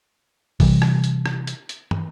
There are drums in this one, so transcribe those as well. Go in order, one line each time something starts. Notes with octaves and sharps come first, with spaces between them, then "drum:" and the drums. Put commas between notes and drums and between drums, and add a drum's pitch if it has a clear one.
C3 E3 G3, drum: kick, open hi-hat
drum: rim click
drum: hi-hat
drum: rim click
drum: hi-hat
drum: hi-hat
drum: tom